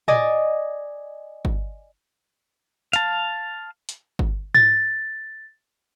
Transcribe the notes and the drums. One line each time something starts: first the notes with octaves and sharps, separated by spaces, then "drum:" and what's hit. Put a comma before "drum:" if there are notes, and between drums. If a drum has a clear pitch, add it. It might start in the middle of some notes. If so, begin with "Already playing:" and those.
D5 D#5 G#5, drum: tom A2
drum: kick G1
F5 A5, drum: hi-hat
drum: hi-hat
drum: kick G1
A6, drum: tom G#2